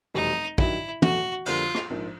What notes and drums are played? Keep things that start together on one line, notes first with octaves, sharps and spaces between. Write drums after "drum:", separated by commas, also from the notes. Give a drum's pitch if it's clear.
F1 E2 B2 G3 C4 D#4
G2 D#3 F#3 E4, drum: kick
E2 B2 F#3 A3 F#4, drum: tom
F2 D3 G3 A#3 F4, drum: cymbal
drum: rim click
A#1 G#2 F3 A#3